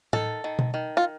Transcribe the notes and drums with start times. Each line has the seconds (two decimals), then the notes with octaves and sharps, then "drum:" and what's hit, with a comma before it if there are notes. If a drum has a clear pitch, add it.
0.13 D#3 A4, drum: tom A2
0.44 D#3
0.59 drum: tom B2
0.74 D#3
0.97 F4